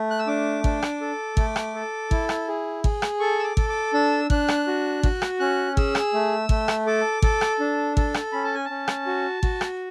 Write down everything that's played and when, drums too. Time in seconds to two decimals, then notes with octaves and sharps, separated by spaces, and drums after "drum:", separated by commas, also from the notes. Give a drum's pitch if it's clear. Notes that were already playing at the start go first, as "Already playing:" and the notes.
Already playing: A3
0.10 F#6
0.19 E6
0.27 D4 D6
0.64 D4, drum: kick G#1
0.82 drum: rim click
1.01 A4
1.37 A3, drum: kick G#1
1.56 drum: rim click
1.75 A4
2.11 E4, drum: kick G#1
2.29 drum: rim click
2.48 G#4
2.84 G#4, drum: kick G#1
3.02 drum: rim click
3.20 A4 C#6
3.39 E6
3.44 D6
3.57 A4, drum: kick G#1
3.69 D6
3.94 D4 E6
4.30 D4 F#6, drum: kick G#1
4.48 drum: rim click
4.67 F#4
5.03 F#4, drum: kick G#1
5.22 drum: rim click
5.40 C#4 F#6
5.77 G#4 E6, drum: kick G#1
5.95 drum: rim click
6.14 A3
6.49 A3, drum: kick G#1
6.68 drum: rim click
6.86 A4 D6
7.22 A4, drum: kick G#1
7.41 drum: rim click
7.60 D4
7.97 A4, drum: kick G#1
8.14 drum: rim click
8.32 C#4 B5
8.44 A5
8.54 G#5
8.65 C#4 A5
8.88 drum: rim click
9.07 F#4
9.43 F#4, drum: kick G#1
9.61 drum: rim click